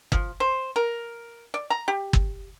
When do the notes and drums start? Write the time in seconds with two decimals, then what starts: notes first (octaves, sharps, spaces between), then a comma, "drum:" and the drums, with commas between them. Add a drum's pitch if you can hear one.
0.12 F3, drum: kick
0.40 C5
0.76 A#4
1.54 D5
1.70 A#5
1.88 G4
2.13 drum: kick